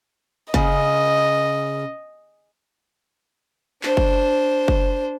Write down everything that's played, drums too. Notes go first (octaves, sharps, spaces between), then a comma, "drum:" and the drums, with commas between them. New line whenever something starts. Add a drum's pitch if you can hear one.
C#3 D#5, drum: kick F#1
D4 C5, drum: clap
drum: kick F#1
drum: kick F#1